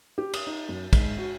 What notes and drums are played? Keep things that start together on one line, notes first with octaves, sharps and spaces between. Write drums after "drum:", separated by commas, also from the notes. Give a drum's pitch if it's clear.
G4
D#6, drum: cymbal
D#4
F#2
G#2, drum: kick, cymbal
F#4